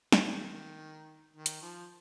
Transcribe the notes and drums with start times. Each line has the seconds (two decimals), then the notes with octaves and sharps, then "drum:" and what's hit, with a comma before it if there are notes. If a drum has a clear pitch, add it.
0.12 D#3, drum: snare
1.36 D#3
1.46 drum: hi-hat
1.62 F3